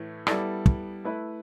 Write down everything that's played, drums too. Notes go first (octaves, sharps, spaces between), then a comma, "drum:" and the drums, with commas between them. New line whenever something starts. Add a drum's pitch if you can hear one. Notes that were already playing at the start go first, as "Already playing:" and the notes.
Already playing: A2 E3 A3
G3 B3 E4 A4 D5, drum: rim click
drum: kick
A3 E4 B4